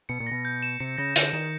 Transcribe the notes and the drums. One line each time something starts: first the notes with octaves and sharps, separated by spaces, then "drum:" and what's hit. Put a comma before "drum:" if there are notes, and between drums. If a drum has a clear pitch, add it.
B2 C#7
A#2
B2 A#6
G6
E7
C3 C#7
C#3 A#6
D3 G6, drum: hi-hat
D#3 E7